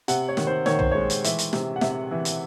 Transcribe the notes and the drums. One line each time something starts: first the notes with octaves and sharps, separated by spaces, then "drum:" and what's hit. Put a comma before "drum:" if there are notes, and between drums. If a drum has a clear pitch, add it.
C3 F#5, drum: hi-hat
C#5
D#3, drum: snare
C5
D#3 C#5, drum: snare
C5, drum: tom
G#3 C#5
drum: hi-hat
E3 E5, drum: hi-hat
drum: hi-hat
C3, drum: snare
F#5
C3 E5, drum: snare
E3
drum: hi-hat